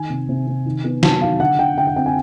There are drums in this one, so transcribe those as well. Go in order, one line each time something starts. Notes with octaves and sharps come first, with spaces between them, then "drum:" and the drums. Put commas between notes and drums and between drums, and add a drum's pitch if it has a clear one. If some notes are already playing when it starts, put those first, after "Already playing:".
Already playing: D#3 G#5
C3
C3
C3
D#3
B3
F#3 A5, drum: snare
D#3 F5
D3 F#5
D3 G5
D3 G5
F#5
C4 G5
G#5